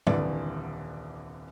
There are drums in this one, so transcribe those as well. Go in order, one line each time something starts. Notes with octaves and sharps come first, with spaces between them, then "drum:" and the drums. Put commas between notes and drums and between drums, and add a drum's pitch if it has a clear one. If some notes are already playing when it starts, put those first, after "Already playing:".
D#1 C2 D3 E3 D5, drum: tom G#2